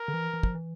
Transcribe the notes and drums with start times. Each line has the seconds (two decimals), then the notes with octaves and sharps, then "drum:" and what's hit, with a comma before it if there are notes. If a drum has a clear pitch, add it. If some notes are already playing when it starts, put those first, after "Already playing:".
Already playing: A#4
0.08 D3
0.14 E3
0.33 E3
0.43 F3, drum: kick
0.55 E3